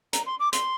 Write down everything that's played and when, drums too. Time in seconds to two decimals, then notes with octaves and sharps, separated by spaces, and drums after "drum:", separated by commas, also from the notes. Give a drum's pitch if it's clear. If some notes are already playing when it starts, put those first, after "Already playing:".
0.13 A#5, drum: hi-hat
0.26 C6
0.40 D6
0.53 C6, drum: hi-hat